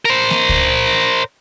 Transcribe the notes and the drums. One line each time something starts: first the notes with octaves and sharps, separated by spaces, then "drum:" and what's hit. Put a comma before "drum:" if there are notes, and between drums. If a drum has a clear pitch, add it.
A#4 C5
drum: snare A#3
drum: kick C#2